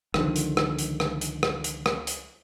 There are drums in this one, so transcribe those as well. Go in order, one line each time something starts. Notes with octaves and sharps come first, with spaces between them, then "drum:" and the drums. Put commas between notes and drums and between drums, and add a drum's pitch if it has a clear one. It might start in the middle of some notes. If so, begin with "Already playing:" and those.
C#2 D3 D#3 F3, drum: rim click
drum: hi-hat
drum: rim click
drum: hi-hat
drum: rim click
drum: hi-hat
drum: rim click
drum: hi-hat
drum: rim click
drum: hi-hat